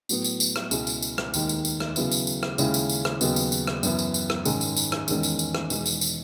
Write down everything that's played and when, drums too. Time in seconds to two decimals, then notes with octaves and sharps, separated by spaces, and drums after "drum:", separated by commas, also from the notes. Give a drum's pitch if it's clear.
0.09 A2 F#3 B3, drum: tambourine
0.24 drum: tambourine
0.40 drum: tambourine
0.56 drum: rim click
0.71 C#2 B2 G#3 C#4 E4, drum: tambourine
0.87 drum: tambourine
1.02 drum: tambourine
1.18 drum: rim click
1.34 D#2 D#3 G#3 D#4, drum: tambourine
1.49 drum: tambourine
1.65 drum: tambourine
1.80 drum: rim click
1.96 C#3 F#3 B3 E4, drum: tambourine
2.12 drum: tambourine
2.27 drum: tambourine
2.43 drum: rim click
2.58 D#2 C#3 G#3 C#4 E4, drum: tambourine
2.74 drum: tambourine
2.90 drum: tambourine
3.05 drum: rim click
3.21 D#2 C#3 F#3 B3 D#4, drum: tambourine
3.36 drum: tambourine
3.52 drum: tambourine
3.67 drum: rim click
3.83 F#2 E3 B3 E4, drum: tambourine
3.99 drum: tambourine
4.14 drum: tambourine
4.30 drum: rim click
4.45 G#2 D#3 G#3 C#4, drum: tambourine
4.61 drum: tambourine
4.77 drum: tambourine
4.92 drum: rim click
5.08 E2 D#3 G#3 C#4, drum: tambourine
5.23 drum: tambourine
5.39 drum: tambourine
5.55 drum: rim click
5.70 E2 B2 G#3 D#4, drum: tambourine
5.86 drum: tambourine
6.01 drum: tambourine